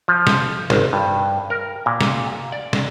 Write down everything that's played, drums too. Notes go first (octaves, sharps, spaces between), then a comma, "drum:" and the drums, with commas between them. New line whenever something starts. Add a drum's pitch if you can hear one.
F3
drum: snare
G#1, drum: snare
G2
A#4
A#2
drum: snare
D5
drum: snare